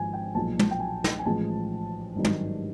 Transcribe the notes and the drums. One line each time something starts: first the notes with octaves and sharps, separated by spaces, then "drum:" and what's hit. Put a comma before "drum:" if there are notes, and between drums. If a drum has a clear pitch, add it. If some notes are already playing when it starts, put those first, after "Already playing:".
Already playing: G#1 G#2 F3 G#5
G5
B1 A#2 F3 G#3 A5
drum: tom
G5
G#5
drum: snare
G#5
A1 A2 F3 G#3 A5
G#1 G2 D#3 F#3
drum: tom